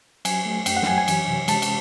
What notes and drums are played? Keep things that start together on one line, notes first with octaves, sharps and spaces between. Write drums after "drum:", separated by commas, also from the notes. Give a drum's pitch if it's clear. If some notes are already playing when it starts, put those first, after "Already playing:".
F#3 G#5, drum: cymbal
A3
F#2 G5, drum: cymbal
F#5
G5, drum: snare
F#3 G#5
G#5
E3, drum: cymbal
C3
G#3 A5, drum: cymbal
drum: cymbal